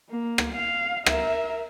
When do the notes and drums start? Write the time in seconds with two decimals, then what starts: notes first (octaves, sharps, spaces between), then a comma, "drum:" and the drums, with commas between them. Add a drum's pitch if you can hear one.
0.10 A#3
0.38 drum: rim click
0.56 F5
1.06 A#4 E5, drum: rim click